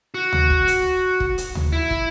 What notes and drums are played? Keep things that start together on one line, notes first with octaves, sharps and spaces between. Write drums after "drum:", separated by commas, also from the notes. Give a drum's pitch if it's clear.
F#4
drum: tom D2
drum: kick
drum: hi-hat
drum: kick
drum: hi-hat
drum: tom D2
E4
drum: kick